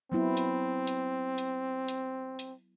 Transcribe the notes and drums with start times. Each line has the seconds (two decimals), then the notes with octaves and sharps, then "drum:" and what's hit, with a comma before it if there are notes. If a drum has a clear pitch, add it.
0.12 F#3 B3 C4 E4
0.37 drum: hi-hat
0.87 drum: hi-hat
1.38 drum: hi-hat
1.88 drum: hi-hat
2.39 drum: hi-hat